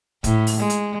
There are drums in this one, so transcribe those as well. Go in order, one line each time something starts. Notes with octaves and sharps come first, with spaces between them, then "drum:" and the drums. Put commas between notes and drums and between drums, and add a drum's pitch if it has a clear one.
A2, drum: kick, hi-hat
drum: open hi-hat
G#3
drum: hi-hat